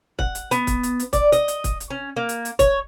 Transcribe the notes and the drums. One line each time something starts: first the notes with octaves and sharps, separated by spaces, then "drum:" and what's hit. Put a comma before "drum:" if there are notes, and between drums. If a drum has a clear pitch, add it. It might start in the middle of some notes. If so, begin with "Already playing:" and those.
F#5, drum: kick
drum: hi-hat
B3, drum: hi-hat
drum: kick, hi-hat
drum: hi-hat
drum: hi-hat
D5, drum: kick, hi-hat
D#5, drum: hi-hat
drum: hi-hat
drum: kick, hi-hat
drum: hi-hat
C#4
A#3
drum: hi-hat
drum: hi-hat
C#5, drum: kick, hi-hat